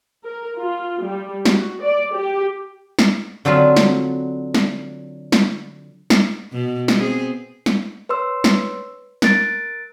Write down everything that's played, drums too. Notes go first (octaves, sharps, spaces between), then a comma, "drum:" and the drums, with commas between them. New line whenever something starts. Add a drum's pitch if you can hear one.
A#4
F4
G3
F#4, drum: snare
D5
G4
drum: snare
D3 F#3 C4 F4 B4
drum: snare
drum: snare
drum: snare
drum: snare
B2
drum: snare
B3 C4 G#4
drum: snare
B4 C#5 C6 E6
drum: snare
A#4 F#6 A6 D7, drum: snare